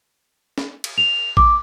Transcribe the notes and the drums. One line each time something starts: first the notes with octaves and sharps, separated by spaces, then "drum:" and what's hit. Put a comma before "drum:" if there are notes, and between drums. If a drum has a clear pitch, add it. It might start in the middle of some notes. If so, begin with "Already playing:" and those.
drum: snare
drum: cymbal
F7
D6, drum: kick A#1